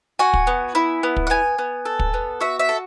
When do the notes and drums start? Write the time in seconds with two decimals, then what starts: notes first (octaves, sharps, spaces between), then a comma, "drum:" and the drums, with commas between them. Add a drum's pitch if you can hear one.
0.19 F#4 G#5
0.33 drum: kick
0.47 B3
0.75 E4
1.03 B3
1.16 drum: kick
1.27 F#5
1.30 B3 G#5
1.59 B3
1.85 A4
1.99 drum: kick
2.14 B3
2.41 F#4 E5
2.59 E5
2.69 A4